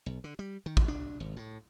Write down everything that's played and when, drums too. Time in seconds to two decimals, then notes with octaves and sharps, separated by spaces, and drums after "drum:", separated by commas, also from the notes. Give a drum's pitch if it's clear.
0.06 B1
0.24 D3
0.39 G3
0.66 D#3
0.77 drum: kick
0.88 D4
1.20 G#1
1.36 A2